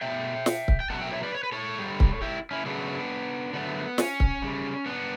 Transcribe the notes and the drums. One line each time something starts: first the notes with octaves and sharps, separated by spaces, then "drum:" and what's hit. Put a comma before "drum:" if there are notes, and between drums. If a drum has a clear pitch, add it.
B2 A3 E5 G5
drum: snare
drum: kick C#1
G5
B2 F#3 A3 F#5 A5
E5 G5
C#5 E5
B4 D5
C#5
B4
A4 C#5
D3 G3
drum: kick C#1
E4 G4
C#4 E4
C#3 F#3 A3 B3 D4
D3 F#3 A3 B3
C#4, drum: snare
drum: kick C#1
C#3 G3
B3 D4